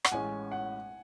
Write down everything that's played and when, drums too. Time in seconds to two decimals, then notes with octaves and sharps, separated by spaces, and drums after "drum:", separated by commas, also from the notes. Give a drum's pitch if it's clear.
0.05 F#5, drum: rim click
0.12 A1 A2 G#3 C#4 G#5
0.51 F#5